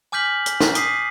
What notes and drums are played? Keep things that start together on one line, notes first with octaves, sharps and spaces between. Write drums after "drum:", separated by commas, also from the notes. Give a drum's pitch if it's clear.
G#5 D6 F6 G6 B6 F#7
drum: hi-hat
drum: snare
D6 D#6 G6 B6 C7 D#7, drum: hi-hat